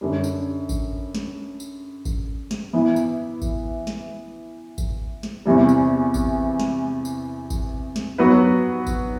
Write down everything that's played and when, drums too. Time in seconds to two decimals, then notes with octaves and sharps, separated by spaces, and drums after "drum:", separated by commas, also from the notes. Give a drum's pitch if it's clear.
0.01 F#2 D3 G3
0.24 drum: tambourine
0.69 drum: kick A1, tambourine
1.15 drum: snare
1.60 drum: tambourine
2.05 drum: kick A1, tambourine
2.51 drum: snare
2.73 E3 B3 E4
2.96 drum: tambourine
3.42 drum: kick A1, tambourine
3.87 drum: snare
4.78 drum: kick A1, tambourine
5.23 drum: snare
5.46 E2 C3 E3 G3
5.69 drum: tambourine
6.14 drum: kick A1, tambourine
6.59 drum: snare
7.05 drum: tambourine
7.50 drum: kick A1, tambourine
7.96 drum: snare
8.18 F#3 B3 F#4 B4
8.87 drum: kick A1, tambourine